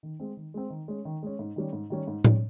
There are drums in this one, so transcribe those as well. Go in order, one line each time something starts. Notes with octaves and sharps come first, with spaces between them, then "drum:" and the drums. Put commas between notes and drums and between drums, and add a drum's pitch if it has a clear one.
D#3
G#3 C4
D#3
G#3 C4
D#3
G#3 C#4
D#3
G#3 C#4
G#2
D#3 G3 C#4
G#2
D#3 G3 C#4
G#2
G3 C#4, drum: tom A2